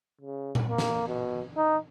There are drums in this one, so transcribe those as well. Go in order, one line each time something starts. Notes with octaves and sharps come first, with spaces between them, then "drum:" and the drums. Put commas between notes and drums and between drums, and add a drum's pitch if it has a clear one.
C#3
drum: tom A#2
A#3
drum: snare
B2
D#4